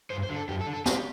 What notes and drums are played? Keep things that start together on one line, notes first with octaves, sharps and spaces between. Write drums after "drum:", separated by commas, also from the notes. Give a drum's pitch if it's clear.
G2 C5
C5
D3
A4
F#2 G4
A4
D3
A4
A2 G4, drum: snare